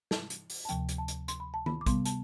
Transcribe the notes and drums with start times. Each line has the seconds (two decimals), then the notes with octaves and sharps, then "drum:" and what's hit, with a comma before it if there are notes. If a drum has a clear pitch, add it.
0.11 A5, drum: snare
0.30 drum: hi-hat
0.50 drum: open hi-hat
0.65 A5
0.69 D2 C3 F3 G5, drum: hi-hat
0.89 drum: hi-hat
0.98 A5
1.08 drum: hi-hat
1.28 C6, drum: hi-hat
1.40 B5
1.54 A5
1.66 B5, drum: tom D#3
1.81 D6
1.86 C3 G3 B3 C6, drum: kick, hi-hat
2.05 A5, drum: hi-hat